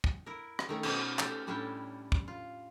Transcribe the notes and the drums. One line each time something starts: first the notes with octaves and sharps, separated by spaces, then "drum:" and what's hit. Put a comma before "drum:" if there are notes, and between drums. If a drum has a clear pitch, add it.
drum: kick
E4 A#4
drum: rim click
D#3 A3 C#4
B2 C#4 D#4 C5, drum: cymbal
A3 G4 A#5, drum: clap
A2 G3 C#4 D4 E4 G5
drum: kick
F4